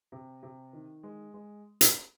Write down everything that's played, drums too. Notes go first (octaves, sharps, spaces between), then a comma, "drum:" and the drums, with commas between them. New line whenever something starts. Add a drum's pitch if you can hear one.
C3
C3
D#3
G#3
G#3
drum: hi-hat